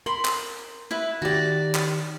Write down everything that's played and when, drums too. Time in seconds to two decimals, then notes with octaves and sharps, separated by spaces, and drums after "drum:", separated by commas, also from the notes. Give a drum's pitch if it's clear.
0.06 A#4 B5 C6
0.25 drum: clap
0.91 E4 B4 E5
1.22 D#3 F#4 G4 D5
1.75 drum: clap